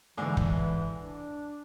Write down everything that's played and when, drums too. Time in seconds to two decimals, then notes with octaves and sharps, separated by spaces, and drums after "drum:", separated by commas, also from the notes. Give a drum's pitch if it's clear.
0.17 G#2 D3 E3
0.37 drum: kick
0.96 D4